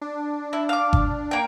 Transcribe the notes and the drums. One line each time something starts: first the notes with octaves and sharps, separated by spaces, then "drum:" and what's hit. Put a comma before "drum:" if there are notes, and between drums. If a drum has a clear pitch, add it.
D4
E4
F5 D6
drum: kick G1
A#3 G5